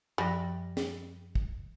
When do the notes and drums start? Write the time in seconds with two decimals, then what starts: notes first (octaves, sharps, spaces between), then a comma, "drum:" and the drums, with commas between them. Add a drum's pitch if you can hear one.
0.18 F#2 F3 G3 A#6
0.77 drum: snare
1.35 drum: kick